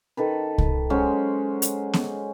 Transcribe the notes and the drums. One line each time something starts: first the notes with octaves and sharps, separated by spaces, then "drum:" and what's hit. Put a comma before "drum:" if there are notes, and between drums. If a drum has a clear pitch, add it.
D#3 A4 B4
drum: kick C2
F#3 G#3 C#4 C5
drum: hi-hat
drum: snare B3